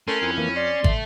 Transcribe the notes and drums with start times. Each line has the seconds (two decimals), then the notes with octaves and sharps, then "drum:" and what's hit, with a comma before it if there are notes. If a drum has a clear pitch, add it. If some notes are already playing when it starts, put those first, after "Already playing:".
0.08 A3 C#4 A#4 G#5 C6
0.22 F2 E4
0.38 E3 A#3
0.56 D5 C6
0.84 A4 E5, drum: kick